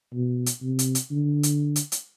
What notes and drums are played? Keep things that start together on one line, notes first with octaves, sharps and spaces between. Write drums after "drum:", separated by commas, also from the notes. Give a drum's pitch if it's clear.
B2
drum: hi-hat
C3
drum: hi-hat
drum: hi-hat
D3
drum: hi-hat
drum: hi-hat
drum: hi-hat